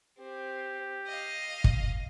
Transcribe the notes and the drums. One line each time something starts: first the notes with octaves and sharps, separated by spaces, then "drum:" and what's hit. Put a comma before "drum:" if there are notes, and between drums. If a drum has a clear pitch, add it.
C4 G4
D#5 F5
drum: kick